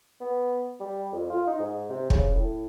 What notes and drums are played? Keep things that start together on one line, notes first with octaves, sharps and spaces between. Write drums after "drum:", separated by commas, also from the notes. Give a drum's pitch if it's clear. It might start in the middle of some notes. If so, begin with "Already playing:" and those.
B3
G3
F2
F4
D#4
G#2
C3
C#3, drum: kick
A2